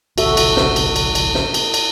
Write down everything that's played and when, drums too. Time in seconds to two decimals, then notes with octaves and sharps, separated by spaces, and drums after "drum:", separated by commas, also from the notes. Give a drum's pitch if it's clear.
0.18 G#1 C#2 A#2 F#4 A4 E5, drum: cymbal
0.37 drum: cymbal
0.57 drum: snare
0.76 drum: cymbal
0.96 drum: cymbal
1.15 drum: cymbal
1.35 drum: snare
1.54 drum: cymbal
1.74 drum: cymbal